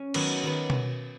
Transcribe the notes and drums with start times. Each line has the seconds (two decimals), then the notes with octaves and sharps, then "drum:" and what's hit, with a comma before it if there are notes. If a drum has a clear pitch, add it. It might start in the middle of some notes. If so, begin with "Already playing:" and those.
Already playing: C#4
0.14 D#3 F#3 B3, drum: cymbal
0.43 D#3 F#3 B3
0.70 drum: tom B2